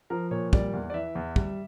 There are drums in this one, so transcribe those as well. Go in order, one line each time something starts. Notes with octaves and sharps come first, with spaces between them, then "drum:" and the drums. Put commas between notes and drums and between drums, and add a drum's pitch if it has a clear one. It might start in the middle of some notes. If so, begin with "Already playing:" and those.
F3 A#4
A#2 C#5
G3 D5, drum: kick
E2
D5
E3 E5
E2
G3, drum: kick